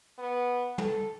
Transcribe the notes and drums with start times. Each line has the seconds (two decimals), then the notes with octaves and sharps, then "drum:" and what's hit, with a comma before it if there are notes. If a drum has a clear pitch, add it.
0.18 B3
0.78 A4, drum: tom